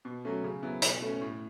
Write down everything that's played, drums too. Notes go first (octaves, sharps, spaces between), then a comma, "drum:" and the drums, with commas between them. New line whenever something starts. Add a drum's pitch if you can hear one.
B2
F#3 A3 C#4
C#3
F#3 B3 E4
B2, drum: hi-hat
A3 C#4
A2